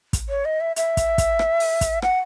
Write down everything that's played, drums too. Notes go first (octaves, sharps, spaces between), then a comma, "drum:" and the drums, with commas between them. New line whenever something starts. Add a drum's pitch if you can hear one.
drum: kick, hi-hat
C#5
D#5
E5
E5, drum: hi-hat
drum: kick, hi-hat
drum: kick, hi-hat
drum: rim click
drum: open hi-hat
drum: kick, hi-hat
F#5, drum: rim click